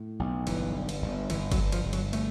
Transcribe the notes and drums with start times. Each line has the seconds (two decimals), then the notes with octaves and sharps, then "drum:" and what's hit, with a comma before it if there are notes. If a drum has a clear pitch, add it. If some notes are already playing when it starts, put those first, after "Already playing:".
Already playing: A2
0.19 B1
0.47 G1 E3, drum: cymbal
0.75 G2
0.89 drum: cymbal
1.02 G1
1.30 G1 E3, drum: cymbal
1.52 F#3, drum: kick, cymbal
1.58 G1
1.72 F3, drum: cymbal
1.86 G1
1.93 F#3, drum: cymbal
2.13 A3, drum: cymbal